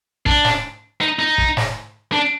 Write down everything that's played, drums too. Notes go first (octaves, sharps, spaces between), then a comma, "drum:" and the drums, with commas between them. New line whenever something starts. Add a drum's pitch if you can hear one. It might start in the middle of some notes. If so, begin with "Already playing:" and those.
D4, drum: kick
drum: snare
D#4
D#4
drum: kick
drum: snare
D4